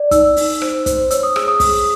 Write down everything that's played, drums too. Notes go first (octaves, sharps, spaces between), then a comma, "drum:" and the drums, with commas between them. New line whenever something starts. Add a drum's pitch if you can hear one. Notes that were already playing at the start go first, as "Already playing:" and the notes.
Already playing: D5
D#4 E6, drum: kick, hi-hat
D#4, drum: open hi-hat
C5, drum: rim click
C5, drum: kick, hi-hat
C#5 E6, drum: hi-hat
D#6
G#4 E6, drum: rim click
D#6
G#4 D#6, drum: kick, open hi-hat